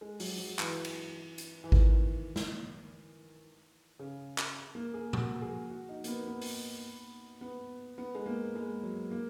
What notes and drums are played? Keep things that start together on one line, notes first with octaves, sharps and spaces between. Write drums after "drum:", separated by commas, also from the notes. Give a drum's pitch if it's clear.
G#3
F#3, drum: open hi-hat
F#3
E3, drum: clap
drum: cymbal
drum: hi-hat
E3
D#3, drum: kick G#1
drum: snare
C#3
drum: clap
A#3
G#4
F#4, drum: tom A#2
G#4
F#4
D#4
A#3, drum: hi-hat
B3
B3
drum: open hi-hat
B3
B3
G#3
A#3
G#3
F#3
A#3